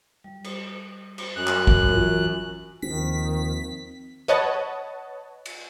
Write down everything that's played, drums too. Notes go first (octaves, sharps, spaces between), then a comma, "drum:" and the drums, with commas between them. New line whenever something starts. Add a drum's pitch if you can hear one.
G3
drum: cymbal
drum: cymbal
F#2 F#6
drum: clap
drum: kick
E3 F4 A#4, drum: tom
D#2 D#3 F3 C4 B6
B4 C#5 D#5 F#5 A5, drum: hi-hat
drum: cymbal